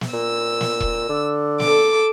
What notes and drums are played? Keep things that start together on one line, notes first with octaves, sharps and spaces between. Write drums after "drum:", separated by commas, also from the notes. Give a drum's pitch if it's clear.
drum: snare
A#2 E6
drum: snare
drum: kick E1
D3
A4 D6, drum: snare